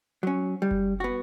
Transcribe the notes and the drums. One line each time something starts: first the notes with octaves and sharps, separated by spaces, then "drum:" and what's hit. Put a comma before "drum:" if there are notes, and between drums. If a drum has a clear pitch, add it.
F#3 C#4
G3
drum: kick F#1
B3 F#4